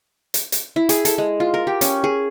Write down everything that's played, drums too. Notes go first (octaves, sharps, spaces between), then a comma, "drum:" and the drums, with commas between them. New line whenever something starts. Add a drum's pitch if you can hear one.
drum: hi-hat
drum: hi-hat
E4
G#4, drum: hi-hat
A4, drum: hi-hat
G#3
F4
A#4
G4
C#4, drum: hi-hat
G#4